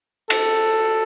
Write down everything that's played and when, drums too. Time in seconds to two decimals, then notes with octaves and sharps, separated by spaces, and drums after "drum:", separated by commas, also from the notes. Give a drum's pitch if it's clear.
0.30 A4, drum: cymbal